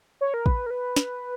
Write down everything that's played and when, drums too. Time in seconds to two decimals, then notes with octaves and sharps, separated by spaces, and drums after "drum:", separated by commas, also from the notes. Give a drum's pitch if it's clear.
0.21 C#5
0.34 A#4
0.46 B4, drum: kick
0.66 A#4
0.70 B4
0.96 drum: snare